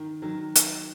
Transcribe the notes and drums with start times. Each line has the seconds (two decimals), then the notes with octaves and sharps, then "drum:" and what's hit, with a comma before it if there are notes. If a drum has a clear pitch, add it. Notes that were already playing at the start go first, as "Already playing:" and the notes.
Already playing: D#3
0.22 D#3 F#3
0.55 drum: hi-hat